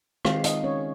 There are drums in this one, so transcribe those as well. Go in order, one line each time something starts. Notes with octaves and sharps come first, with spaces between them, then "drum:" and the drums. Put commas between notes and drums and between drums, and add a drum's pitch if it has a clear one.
D#3 G#3 C4 F4 F5, drum: rim click
D#4 D#5, drum: hi-hat
C#4 C#5